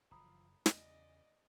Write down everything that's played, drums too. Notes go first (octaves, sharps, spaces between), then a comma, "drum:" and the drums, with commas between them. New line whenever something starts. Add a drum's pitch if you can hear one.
F#1 E3 F3 A#5 B5 D#6
E2 C#3 D5 D#5, drum: snare